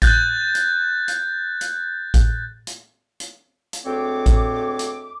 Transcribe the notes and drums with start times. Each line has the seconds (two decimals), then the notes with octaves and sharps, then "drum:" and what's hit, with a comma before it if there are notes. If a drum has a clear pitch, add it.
0.02 F#6 G6 A6, drum: kick, hi-hat
0.55 drum: hi-hat
1.08 drum: hi-hat
1.61 drum: hi-hat
2.14 drum: kick, hi-hat
2.67 drum: hi-hat
3.20 drum: hi-hat
3.73 drum: hi-hat
3.85 D2 G#3 C4 C#5 D6
4.26 drum: kick, hi-hat
4.79 drum: hi-hat